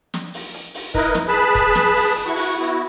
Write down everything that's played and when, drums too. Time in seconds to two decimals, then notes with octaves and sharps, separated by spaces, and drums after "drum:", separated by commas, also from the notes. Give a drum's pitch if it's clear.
0.14 drum: snare
0.34 drum: open hi-hat
0.54 drum: hi-hat
0.74 drum: open hi-hat
0.94 D#4 E4 A#4 B4 D#5, drum: kick, hi-hat
1.15 drum: snare
1.28 G#4 B4 A5 B5
1.55 drum: kick, hi-hat
1.75 drum: snare
1.95 drum: open hi-hat
2.16 drum: hi-hat
2.26 E4 F#4 F#5 C#6
2.36 drum: open hi-hat
2.59 B3 E4 F#4